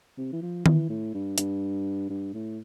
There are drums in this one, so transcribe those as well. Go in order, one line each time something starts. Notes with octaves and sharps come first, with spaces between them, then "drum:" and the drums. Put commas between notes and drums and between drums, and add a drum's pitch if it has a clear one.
C3
E3
F3
E3, drum: tom D#3
A2
G2
G2, drum: hi-hat
G2
A2